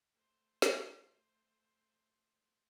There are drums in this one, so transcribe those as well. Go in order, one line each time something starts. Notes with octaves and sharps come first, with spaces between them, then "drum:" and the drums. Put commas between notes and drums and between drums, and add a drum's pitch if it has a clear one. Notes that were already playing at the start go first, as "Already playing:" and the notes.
A3 C5
drum: snare